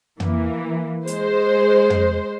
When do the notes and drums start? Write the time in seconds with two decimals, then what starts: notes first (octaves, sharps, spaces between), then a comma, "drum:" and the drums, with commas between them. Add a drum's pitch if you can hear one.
0.20 E3 A#3, drum: tom
1.07 G#3 C5, drum: hi-hat
1.90 drum: tom